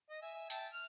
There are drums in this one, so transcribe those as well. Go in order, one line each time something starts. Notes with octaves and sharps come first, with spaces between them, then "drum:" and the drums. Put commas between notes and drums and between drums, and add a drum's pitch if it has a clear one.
D#5
E5 G#5
E5 G5 A5, drum: tambourine
F6